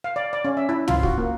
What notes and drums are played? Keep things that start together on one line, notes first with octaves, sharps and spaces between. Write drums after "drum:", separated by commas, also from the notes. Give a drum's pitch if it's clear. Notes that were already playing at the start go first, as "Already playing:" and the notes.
F5
D5
D5
C#4
E5
E4
F4, drum: tom
F#4, drum: kick C2
A#3